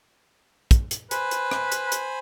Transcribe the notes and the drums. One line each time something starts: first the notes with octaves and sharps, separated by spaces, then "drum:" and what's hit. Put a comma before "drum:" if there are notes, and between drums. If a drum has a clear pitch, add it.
drum: kick, hi-hat
drum: hi-hat
B4 C5 G#5 B5, drum: hi-hat
drum: hi-hat
drum: rim click
drum: hi-hat
drum: hi-hat